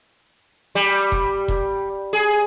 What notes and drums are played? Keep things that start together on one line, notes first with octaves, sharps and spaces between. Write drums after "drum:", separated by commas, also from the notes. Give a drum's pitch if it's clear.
G3
drum: kick E1
drum: kick E1
G#4